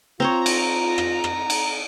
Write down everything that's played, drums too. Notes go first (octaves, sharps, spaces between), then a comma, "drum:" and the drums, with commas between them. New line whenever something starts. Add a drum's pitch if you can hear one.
C4 F4 C5 C#5 A#5
drum: cymbal
drum: rim click
drum: rim click
drum: cymbal